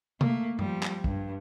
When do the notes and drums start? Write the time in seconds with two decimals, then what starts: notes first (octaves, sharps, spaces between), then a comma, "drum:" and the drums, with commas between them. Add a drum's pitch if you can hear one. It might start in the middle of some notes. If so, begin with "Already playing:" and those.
0.21 A3 A#3, drum: tom C3
0.59 F3 G3, drum: tom G2
0.83 drum: clap
1.04 G2, drum: kick